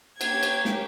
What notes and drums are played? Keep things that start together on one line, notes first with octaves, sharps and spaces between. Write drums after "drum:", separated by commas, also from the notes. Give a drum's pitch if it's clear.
A#3 C#4 G4 G#6, drum: cymbal
drum: cymbal
drum: snare